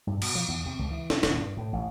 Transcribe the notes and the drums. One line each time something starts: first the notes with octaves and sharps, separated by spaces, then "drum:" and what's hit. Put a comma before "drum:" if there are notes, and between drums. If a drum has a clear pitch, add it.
G2
B2, drum: cymbal
F3
E2
C3
C#2
E3
C3, drum: snare
D#1, drum: snare
G2
A2
A1